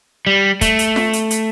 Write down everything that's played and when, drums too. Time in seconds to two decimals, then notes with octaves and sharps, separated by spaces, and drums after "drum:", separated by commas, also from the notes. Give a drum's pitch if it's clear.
0.27 G3
0.61 A3, drum: kick, hi-hat
0.79 drum: hi-hat
0.96 drum: snare F4
1.13 drum: hi-hat
1.31 drum: hi-hat